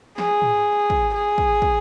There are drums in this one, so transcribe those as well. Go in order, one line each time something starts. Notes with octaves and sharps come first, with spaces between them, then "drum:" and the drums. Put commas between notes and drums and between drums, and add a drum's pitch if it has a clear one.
G#4, drum: snare
drum: tom
drum: kick
G#4
drum: kick
drum: kick